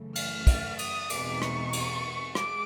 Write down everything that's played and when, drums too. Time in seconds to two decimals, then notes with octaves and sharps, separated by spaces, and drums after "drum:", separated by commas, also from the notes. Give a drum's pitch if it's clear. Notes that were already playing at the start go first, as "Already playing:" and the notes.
Already playing: F#2 C#3 E3 A3
0.15 F6, drum: cymbal
0.47 drum: kick, cymbal
0.79 D#6, drum: cymbal
1.10 E2 B2 G#3 C4 D#4 D6, drum: cymbal
1.42 C#6, drum: rim click
1.73 drum: cymbal
2.35 G#3 D6, drum: rim click